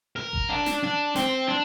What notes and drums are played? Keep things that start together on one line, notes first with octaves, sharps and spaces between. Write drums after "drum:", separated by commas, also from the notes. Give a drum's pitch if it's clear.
A#4
drum: kick G1
D4
drum: snare
D4
C4, drum: snare
D4